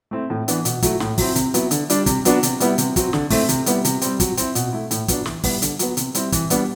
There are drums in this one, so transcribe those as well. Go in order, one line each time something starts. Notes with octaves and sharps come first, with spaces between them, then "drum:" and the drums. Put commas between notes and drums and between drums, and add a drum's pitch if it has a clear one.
A3 C4 E4
A2
E3 B3 D4, drum: hi-hat
B2, drum: hi-hat
F#3 A3 E4, drum: kick, hi-hat
A2, drum: snare
F#3 C4 E4, drum: kick, open hi-hat
C3, drum: hi-hat
F#3 B3 E4, drum: hi-hat
D3, drum: hi-hat
G3 D4, drum: hi-hat
C3, drum: kick, hi-hat
F#3 B3 D4, drum: hi-hat
C3, drum: hi-hat
G3 B3 E4, drum: hi-hat
C3, drum: hi-hat
F#3 C4, drum: kick, hi-hat
D3, drum: snare
A3 C4 E4, drum: kick, open hi-hat
C3, drum: hi-hat
G3 B3 E4, drum: hi-hat
C3, drum: hi-hat
G3 C4, drum: hi-hat
F#3, drum: kick, hi-hat
C4 E4, drum: hi-hat
B2, drum: hi-hat
A3 E4
A2, drum: hi-hat
F#3 B3 D4, drum: kick, hi-hat
E3, drum: snare
G3 B3 E4, drum: kick, open hi-hat
D3, drum: hi-hat
F#3 B3, drum: hi-hat
C3, drum: hi-hat
G3 C4 E4, drum: hi-hat
E3, drum: kick, hi-hat
G3 B3 D4, drum: hi-hat